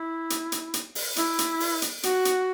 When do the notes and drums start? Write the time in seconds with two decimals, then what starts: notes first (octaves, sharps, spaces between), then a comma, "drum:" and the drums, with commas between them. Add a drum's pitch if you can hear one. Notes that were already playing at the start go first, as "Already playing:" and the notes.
Already playing: E4
0.30 drum: hi-hat
0.52 drum: hi-hat
0.74 drum: hi-hat
0.95 drum: open hi-hat
1.16 E4, drum: hi-hat
1.39 drum: hi-hat
1.60 drum: open hi-hat
1.82 drum: hi-hat
2.03 F#4, drum: hi-hat
2.25 drum: hi-hat